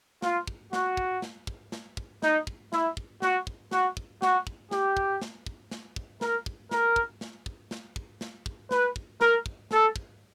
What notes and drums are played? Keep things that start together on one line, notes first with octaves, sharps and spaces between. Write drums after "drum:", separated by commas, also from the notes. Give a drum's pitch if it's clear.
F4, drum: snare
drum: kick
F#4, drum: snare
drum: kick
drum: snare
drum: kick
drum: snare
drum: kick
D#4, drum: snare
drum: kick
E4, drum: snare
drum: kick
F#4, drum: snare
drum: kick
F#4, drum: snare
drum: kick
F#4, drum: snare
drum: kick
G4, drum: snare
drum: kick
drum: snare
drum: kick
drum: snare
drum: kick
A#4, drum: snare
drum: kick
A#4, drum: snare
drum: kick
drum: snare
drum: kick
drum: snare
drum: kick
drum: snare
drum: kick
B4, drum: snare
drum: kick
A#4, drum: snare
drum: kick
A4, drum: snare
drum: kick